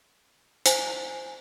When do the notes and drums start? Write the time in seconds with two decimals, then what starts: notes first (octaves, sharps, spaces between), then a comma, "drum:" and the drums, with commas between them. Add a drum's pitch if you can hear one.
0.66 C5 G#5, drum: hi-hat